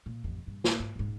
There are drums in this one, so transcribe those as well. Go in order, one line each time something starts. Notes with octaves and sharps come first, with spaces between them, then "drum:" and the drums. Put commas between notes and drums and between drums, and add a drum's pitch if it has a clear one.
A#2
A1 F2
A#1 G2
A#1, drum: snare
G#2
D#1 G#2